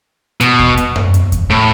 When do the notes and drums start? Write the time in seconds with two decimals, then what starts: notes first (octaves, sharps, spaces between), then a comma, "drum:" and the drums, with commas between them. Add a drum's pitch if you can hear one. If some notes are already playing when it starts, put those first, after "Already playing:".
0.41 B2, drum: hi-hat
0.59 drum: kick D#2
0.77 drum: hi-hat
0.96 drum: tom F#2
1.14 drum: hi-hat
1.32 drum: kick D#2, hi-hat
1.50 A2